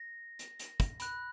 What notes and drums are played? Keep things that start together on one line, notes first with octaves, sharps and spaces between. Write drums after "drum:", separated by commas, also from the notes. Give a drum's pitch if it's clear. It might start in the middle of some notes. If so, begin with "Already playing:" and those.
Already playing: A#6
drum: hi-hat
drum: hi-hat
drum: kick, hi-hat
B5 F#6, drum: hi-hat